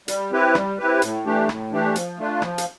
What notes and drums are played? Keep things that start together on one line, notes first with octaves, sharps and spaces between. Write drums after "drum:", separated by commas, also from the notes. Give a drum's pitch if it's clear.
G3, drum: hi-hat
C4 E4 G4 B4
G3, drum: rim click
C4 E4 G4 B4
A2, drum: hi-hat
E3 A3 D4 G4
A2, drum: rim click
E3 A3 D4 G4
F3, drum: hi-hat
A3 D4 F4
F3, drum: rim click
drum: hi-hat